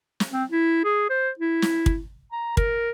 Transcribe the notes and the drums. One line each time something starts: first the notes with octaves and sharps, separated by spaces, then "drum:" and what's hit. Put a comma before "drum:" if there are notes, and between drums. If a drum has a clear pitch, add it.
drum: snare
C4
E4
G#4
C5
E4
drum: snare
drum: kick
A#5
A#4, drum: kick